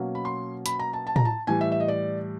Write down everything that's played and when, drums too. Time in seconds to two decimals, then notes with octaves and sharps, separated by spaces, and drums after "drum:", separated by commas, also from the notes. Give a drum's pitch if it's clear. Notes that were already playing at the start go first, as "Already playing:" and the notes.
Already playing: B2 F#3 A#3 C#4
0.15 B5
0.25 C6
0.66 B5, drum: hi-hat
0.79 A#5
0.93 A5
1.07 A5
1.16 A#5, drum: tom A2
1.25 A5
1.47 A2 E3 G3 G#5
1.61 E5
1.72 E5
1.80 D#5
1.88 D5